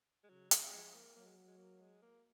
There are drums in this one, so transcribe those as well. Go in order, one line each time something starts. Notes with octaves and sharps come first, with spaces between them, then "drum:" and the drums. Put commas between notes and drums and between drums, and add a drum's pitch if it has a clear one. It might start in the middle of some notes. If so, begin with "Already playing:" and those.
G#3
C#3 F#3
G#3, drum: hi-hat
F3 G#3
A#3
F#3 A#3
G#3
G#3
A#3
G#3
A#3